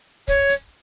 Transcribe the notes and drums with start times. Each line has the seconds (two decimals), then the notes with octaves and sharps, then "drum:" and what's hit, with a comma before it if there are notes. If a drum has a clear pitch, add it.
0.28 C#5, drum: kick, hi-hat
0.49 drum: hi-hat